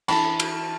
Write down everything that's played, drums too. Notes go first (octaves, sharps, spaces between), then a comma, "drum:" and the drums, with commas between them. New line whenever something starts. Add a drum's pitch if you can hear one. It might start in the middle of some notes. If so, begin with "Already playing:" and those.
E3 A5 B5, drum: cymbal
drum: cymbal